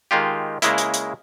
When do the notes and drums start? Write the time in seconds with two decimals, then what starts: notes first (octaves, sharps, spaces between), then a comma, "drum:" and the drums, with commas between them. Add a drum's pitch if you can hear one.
0.11 D#3 G#3 F4 G4
0.62 C#3 G#3 A#3 E4, drum: hi-hat
0.78 drum: hi-hat
0.94 drum: hi-hat